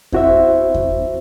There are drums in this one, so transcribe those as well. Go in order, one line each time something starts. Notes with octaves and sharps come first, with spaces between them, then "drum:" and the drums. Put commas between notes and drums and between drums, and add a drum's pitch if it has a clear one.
C4 E4 F#4 C5 E5, drum: kick E2
drum: kick E2